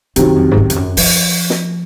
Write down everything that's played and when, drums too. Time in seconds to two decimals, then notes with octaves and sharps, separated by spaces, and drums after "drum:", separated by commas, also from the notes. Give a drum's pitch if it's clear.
0.16 F#2 C3 D#3 F#3, drum: hi-hat
0.36 F2
0.51 G#2
0.57 F#2
0.70 F2, drum: hi-hat
0.76 F#2
0.97 F3, drum: open hi-hat
1.50 drum: snare